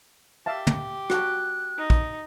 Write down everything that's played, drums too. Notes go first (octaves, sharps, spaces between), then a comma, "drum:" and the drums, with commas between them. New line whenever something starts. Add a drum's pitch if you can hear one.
G4 E5 F5 A5
drum: tom
F#4 A5 F#6, drum: rim click
D#4
drum: kick